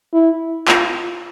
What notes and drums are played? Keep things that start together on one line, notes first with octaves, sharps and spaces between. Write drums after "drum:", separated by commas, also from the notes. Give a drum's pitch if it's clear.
E4
F4, drum: clap